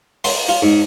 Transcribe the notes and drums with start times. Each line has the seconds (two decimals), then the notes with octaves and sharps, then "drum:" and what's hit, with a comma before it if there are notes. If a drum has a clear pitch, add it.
0.24 C6, drum: open hi-hat
0.49 F4
0.62 G#2